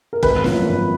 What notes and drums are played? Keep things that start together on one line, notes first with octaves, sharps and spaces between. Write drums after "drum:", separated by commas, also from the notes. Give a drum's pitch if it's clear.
A#4
G#1 B4, drum: kick
F#2 F3 A#3, drum: snare
G#1